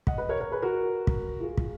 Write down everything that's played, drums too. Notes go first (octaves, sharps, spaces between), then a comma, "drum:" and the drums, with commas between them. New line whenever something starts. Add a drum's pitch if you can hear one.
D#5 F#5, drum: kick
B4 D#5
A#4 C#5
A#4 C#5
G#4 B4
F#4 A#4
drum: kick
F4 G#4
drum: kick